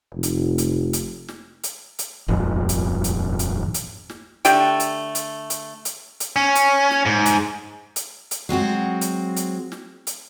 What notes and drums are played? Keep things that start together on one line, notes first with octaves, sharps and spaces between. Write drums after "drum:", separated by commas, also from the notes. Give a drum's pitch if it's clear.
F1
drum: hi-hat
drum: hi-hat
drum: hi-hat
drum: snare
drum: hi-hat
drum: hi-hat
D#1 G#1 F2
drum: hi-hat
drum: hi-hat
drum: hi-hat
drum: hi-hat
drum: snare
D3 A3 G4 G5, drum: hi-hat
drum: hi-hat
drum: hi-hat
drum: hi-hat
drum: hi-hat
drum: hi-hat
C#4
drum: hi-hat
drum: snare
G#2
drum: hi-hat
drum: hi-hat
drum: hi-hat
F#3 G#3 C4 F#4
drum: hi-hat
drum: hi-hat
drum: snare
drum: hi-hat